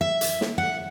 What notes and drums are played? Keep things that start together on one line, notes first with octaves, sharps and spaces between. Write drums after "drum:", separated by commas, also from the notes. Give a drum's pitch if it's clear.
E5
drum: hi-hat
drum: snare
F#5